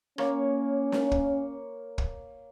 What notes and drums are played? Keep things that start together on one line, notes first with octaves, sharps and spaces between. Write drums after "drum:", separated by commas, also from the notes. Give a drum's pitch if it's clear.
A#3 C#4 C#5, drum: rim click
drum: snare
drum: kick
drum: kick